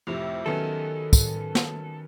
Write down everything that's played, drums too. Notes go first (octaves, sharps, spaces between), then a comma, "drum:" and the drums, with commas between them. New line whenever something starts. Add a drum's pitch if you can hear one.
F2 A2 C3 G4 E5 F6
D#3 F#3 B3 C#4 A4
drum: kick, tambourine
drum: snare